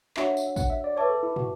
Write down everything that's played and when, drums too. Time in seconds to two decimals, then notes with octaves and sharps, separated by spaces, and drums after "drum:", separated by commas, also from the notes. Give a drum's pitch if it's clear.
0.17 D4 F#4 C#5 E5 F#5, drum: clap
0.37 drum: tambourine
0.56 F#5, drum: kick, tambourine
0.70 E5
0.84 D5
0.97 B4 C#5 E5 A5 D6
1.10 A4
1.23 E4
1.36 F#4, drum: tom